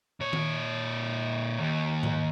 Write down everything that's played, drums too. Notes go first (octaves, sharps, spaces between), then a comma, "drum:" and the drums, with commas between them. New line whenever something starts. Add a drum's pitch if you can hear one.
A#2 C#5
drum: tom D#3
D#2
drum: tom G#2